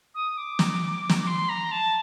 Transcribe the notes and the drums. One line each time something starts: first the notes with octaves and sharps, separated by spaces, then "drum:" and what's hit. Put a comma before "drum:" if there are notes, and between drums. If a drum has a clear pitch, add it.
D#6
D6
drum: snare
drum: snare
C6
A#5
A5